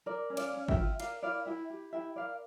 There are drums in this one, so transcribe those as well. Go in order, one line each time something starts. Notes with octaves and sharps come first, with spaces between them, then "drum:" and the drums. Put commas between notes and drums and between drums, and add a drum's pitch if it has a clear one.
A#4 D5
C#4
D5 F5, drum: cymbal
C#4
E5 G5, drum: kick
F4
A#4 D5 F5, drum: cymbal
E4 D5 F5
E4 E5 G5
G4
E4 E5 G5
A#4 D5 F5